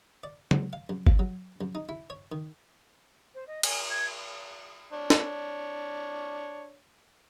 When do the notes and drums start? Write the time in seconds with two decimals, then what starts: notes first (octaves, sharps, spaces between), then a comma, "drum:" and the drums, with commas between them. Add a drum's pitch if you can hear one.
0.24 D5
0.51 F#3, drum: tom
0.73 F5
0.89 F#2
1.07 F5, drum: kick G1
1.19 F#3
1.61 F#2
1.75 D#4
1.89 E4
2.10 C#5
2.32 D#3
3.34 C5
3.47 D#5
3.63 G#5, drum: cymbal
3.90 G#6
4.93 D4 C#5
5.10 drum: snare